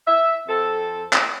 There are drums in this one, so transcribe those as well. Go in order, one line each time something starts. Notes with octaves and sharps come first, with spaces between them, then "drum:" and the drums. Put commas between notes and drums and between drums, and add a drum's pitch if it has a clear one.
E5
F2 C4 A4
drum: clap